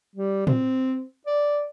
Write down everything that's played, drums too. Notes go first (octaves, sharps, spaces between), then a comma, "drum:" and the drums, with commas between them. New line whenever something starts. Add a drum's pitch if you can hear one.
G3
C4, drum: tom
D5